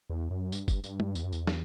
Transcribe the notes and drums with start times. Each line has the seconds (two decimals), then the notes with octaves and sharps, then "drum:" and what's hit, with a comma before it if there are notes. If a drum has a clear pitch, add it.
0.09 E2
0.30 F#2
0.52 G2, drum: tambourine
0.68 drum: kick, tambourine
0.84 G2, drum: tambourine
1.00 drum: tom
1.15 E2, drum: tambourine
1.24 F#2
1.33 E2, drum: tambourine
1.47 drum: snare